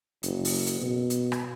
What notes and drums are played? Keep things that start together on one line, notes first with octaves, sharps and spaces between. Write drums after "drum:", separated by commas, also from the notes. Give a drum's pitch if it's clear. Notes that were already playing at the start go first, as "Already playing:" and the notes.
F#1, drum: hi-hat
drum: open hi-hat
drum: hi-hat
B2
drum: hi-hat
drum: rim click